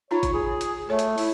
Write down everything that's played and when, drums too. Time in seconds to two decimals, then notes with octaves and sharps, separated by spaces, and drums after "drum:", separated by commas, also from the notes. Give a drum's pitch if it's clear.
0.11 D#4 F4 C#5 B5
0.23 drum: kick G#1, hi-hat
0.34 G#4
0.61 drum: hi-hat
0.89 A3 A4 C#5
0.99 drum: hi-hat
1.18 E4, drum: open hi-hat